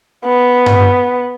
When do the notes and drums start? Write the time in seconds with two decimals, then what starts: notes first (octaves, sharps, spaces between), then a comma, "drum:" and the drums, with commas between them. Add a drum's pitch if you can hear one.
0.25 B3
0.66 drum: tom G2